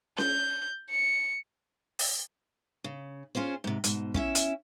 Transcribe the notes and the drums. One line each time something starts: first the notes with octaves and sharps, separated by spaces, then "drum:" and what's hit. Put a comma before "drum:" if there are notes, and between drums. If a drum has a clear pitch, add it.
G6, drum: snare C#4
C#7
drum: open hi-hat
C#3
C#4 F4 G#4 C5
G#2 C3
G#2 B2, drum: hi-hat
C#4 E4 E5, drum: kick
drum: hi-hat